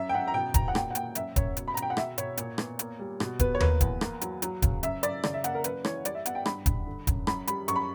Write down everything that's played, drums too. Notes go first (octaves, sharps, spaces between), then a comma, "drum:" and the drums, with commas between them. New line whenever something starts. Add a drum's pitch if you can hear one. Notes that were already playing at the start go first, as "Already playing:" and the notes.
Already playing: F#2 E5
G5
F#2 F#5
A#5
B2 G5
B2 A#5, drum: kick, hi-hat
F#5
A#2 G5, drum: rim click
F#5
A#3 G5, drum: hi-hat
F#2 E5, drum: hi-hat
F#2 C#5, drum: kick, hi-hat
B2, drum: hi-hat
B5
A#5
B2, drum: hi-hat
G5
F#5
B2 E5, drum: rim click
B2 C#5, drum: hi-hat
A#2, drum: hi-hat
B3, drum: rim click
A#3, drum: hi-hat
G3
B2, drum: rim click
B3 B4, drum: kick, hi-hat
C#5
A#3 B4, drum: tom D#2
E2, drum: kick, hi-hat
A#3, drum: rim click
F#3, drum: hi-hat
F#3, drum: hi-hat
C#3, drum: kick, hi-hat
F#2 E5, drum: hi-hat
F#2 D5, drum: hi-hat
C#3 D5, drum: rim click
E5
A#3 F#5, drum: hi-hat
A#4
F#2 B4, drum: hi-hat
E3 C#5, drum: rim click
G3 D5, drum: hi-hat
E5
B3 F#5, drum: hi-hat
G5
G2 B5, drum: rim click
G2, drum: kick, hi-hat
D3
F#2, drum: kick, hi-hat
F#2 B5, drum: rim click
G3 B5, drum: hi-hat
F#2 C#6, drum: hi-hat
B5